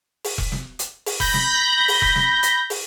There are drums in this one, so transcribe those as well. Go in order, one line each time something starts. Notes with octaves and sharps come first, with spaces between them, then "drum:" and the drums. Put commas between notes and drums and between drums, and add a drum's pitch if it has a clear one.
drum: open hi-hat
drum: kick E1
drum: snare
drum: hi-hat
drum: open hi-hat
B5 G6 A#6, drum: kick E1
drum: snare
drum: open hi-hat
drum: kick E1
drum: snare
drum: hi-hat
drum: open hi-hat